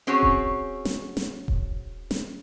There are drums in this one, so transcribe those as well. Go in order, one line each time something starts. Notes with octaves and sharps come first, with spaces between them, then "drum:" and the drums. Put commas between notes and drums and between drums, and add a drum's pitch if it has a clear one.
C4 C#4 F#4 G#4 C#5
drum: kick D#1
drum: snare
drum: snare
drum: kick D#1
drum: snare